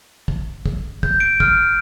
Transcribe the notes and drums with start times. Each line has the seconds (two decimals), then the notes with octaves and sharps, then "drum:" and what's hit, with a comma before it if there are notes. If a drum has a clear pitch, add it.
0.28 drum: kick
0.66 drum: kick
1.03 G6, drum: kick
1.20 D7
1.40 F6, drum: kick